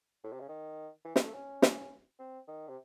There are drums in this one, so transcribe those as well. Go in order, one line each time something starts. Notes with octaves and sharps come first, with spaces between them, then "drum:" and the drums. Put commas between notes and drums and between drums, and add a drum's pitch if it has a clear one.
A2
C3
C#3
D#3
E3
G#3, drum: snare
A3
C#4
drum: snare
C4
D#3
C3